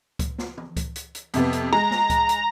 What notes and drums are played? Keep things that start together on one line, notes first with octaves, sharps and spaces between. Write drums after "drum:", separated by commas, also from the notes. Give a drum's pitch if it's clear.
drum: kick C#2, hi-hat
drum: snare
drum: tom
drum: kick C#2, hi-hat
drum: hi-hat
drum: hi-hat
F2 C3 B3, drum: hi-hat
drum: hi-hat
G#3 A#5
drum: snare
drum: kick C#2, hi-hat
drum: hi-hat